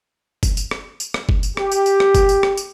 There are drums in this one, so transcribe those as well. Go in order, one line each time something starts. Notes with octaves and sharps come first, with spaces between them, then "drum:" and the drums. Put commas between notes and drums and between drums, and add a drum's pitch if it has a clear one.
drum: kick F#1, tambourine
drum: tambourine
drum: rim click
drum: tambourine
drum: rim click
drum: kick F#1
drum: tambourine
G4, drum: rim click
drum: tambourine
drum: tambourine
drum: rim click
drum: kick F#1, tambourine
drum: tambourine
drum: rim click
drum: tambourine